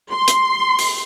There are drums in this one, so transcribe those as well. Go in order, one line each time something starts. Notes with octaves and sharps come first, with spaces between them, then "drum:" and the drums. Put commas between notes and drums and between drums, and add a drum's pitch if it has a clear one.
C6
drum: hi-hat
drum: open hi-hat